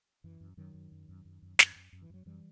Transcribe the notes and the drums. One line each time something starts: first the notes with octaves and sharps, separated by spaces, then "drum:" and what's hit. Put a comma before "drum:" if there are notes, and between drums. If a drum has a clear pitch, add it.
F#2 E3
F#2
F#2 D#3 F#3
F#2
F#2
F#2
F#2
F#2
F#2, drum: snare
F#2
F#2
E3
F#2 F#3
F#2 E3 G3